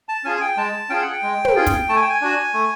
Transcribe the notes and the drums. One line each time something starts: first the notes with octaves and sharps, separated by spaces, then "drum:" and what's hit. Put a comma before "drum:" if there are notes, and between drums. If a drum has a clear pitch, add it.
A5
C#4 F4 G#4 G#5
G#5
G5
G#3 A5
C#4 F4 G#4 G5
F#5
G5
G#3
drum: tom
C#4 F4 G#4
drum: kick, hi-hat
A3 A5
G#5
G5
G#5
D4 F#4
A3